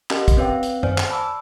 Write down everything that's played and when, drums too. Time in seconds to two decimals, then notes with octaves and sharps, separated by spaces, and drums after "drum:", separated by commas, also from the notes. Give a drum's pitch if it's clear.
0.10 C#4 G4 A#4 D#5, drum: clap
0.28 drum: kick, hi-hat
0.37 C4 C#4 B4 C#5 F5 G5
0.63 drum: hi-hat
0.83 C5 D5 G#5, drum: tom F#2
0.98 drum: clap
1.10 A5 B5 D6 E6